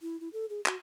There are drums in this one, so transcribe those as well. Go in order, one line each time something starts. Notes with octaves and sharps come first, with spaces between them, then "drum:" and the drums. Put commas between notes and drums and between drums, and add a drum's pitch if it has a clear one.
E4
E4
A4
G#4
F#4, drum: clap